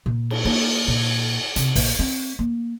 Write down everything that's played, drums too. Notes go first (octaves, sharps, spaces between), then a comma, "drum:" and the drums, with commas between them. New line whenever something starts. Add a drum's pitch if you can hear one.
A#2
drum: cymbal
A#3, drum: cymbal
A#2
C3, drum: hi-hat
A#1, drum: open hi-hat
C4
A#3